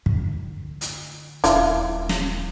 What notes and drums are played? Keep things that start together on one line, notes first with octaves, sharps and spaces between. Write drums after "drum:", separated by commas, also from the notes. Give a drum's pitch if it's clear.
D3, drum: kick
drum: hi-hat
D#1 E4 F4 F5, drum: hi-hat
drum: snare